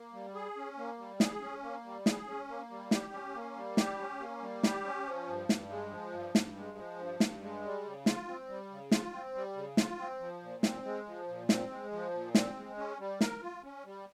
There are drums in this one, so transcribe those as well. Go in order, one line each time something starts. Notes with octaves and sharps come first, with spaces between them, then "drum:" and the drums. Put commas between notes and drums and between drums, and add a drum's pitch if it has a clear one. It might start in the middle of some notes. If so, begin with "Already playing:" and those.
Already playing: A#3
G3
G#4
C#4
A#3
G3
G#4, drum: snare
C#4
A#3
G3
G#4, drum: snare
C#4
A#3
G3
G4, drum: snare
C#4
A#3
G3
G4, drum: snare
C#4
A#3
G3
G4, drum: snare
C#4
F3
G2
G2, drum: snare
G#3
F3
G2
G2, drum: snare
G#3
F3
G2
G2, drum: snare
G#3
G3
C#3
F4, drum: snare
C4
G3
C#3
F4, drum: snare
C4
G3
C#3
F4, drum: snare
C4
F3
A#2
C4, drum: snare
G#3
F3
A#2
C4, drum: snare
G#3
F3
A#2
C4, drum: snare
G#3
C#4
G3
A#4, drum: snare
F4
C#4
G3